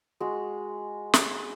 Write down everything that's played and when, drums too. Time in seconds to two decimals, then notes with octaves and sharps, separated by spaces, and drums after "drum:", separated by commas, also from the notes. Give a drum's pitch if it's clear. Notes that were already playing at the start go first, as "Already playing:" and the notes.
0.20 G#3 F#4
1.14 drum: snare